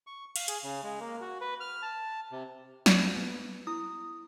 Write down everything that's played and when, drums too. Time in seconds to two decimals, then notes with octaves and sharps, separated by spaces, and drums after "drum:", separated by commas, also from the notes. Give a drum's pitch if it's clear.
0.07 C#6
0.36 F5, drum: cymbal
0.48 G#4, drum: hi-hat
0.63 C#3
0.83 G#3
1.00 A#3
1.21 F#4
1.41 B4
1.60 F6
1.82 A5
2.31 C3
2.86 drum: snare
3.16 B3
3.67 E4 D#6